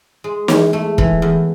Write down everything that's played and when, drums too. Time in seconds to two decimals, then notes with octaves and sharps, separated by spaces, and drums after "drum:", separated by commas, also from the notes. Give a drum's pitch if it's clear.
0.24 G#3
0.48 E2, drum: snare
0.73 A3
0.98 E3, drum: kick E1
1.22 E2